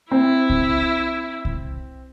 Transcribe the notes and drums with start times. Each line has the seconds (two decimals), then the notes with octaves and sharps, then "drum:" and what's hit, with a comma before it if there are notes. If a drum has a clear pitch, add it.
0.11 C4 E4
0.50 drum: kick C2
1.45 drum: kick C2